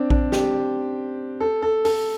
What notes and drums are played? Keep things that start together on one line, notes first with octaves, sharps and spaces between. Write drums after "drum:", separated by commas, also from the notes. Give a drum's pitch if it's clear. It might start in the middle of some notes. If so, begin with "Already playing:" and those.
Already playing: C4 D4
D4, drum: kick A#1
G4, drum: snare
A4
A4
A4, drum: open hi-hat